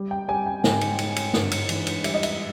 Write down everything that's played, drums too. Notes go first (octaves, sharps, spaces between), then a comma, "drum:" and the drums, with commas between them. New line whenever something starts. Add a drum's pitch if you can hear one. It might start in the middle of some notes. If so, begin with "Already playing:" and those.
Already playing: G3
G5
G3 G#5
G5
G#2, drum: snare
drum: cymbal
G#2, drum: cymbal
drum: cymbal
G2, drum: snare
drum: cymbal
E3, drum: cymbal
drum: cymbal
G3 E5, drum: cymbal
D#5
E5, drum: cymbal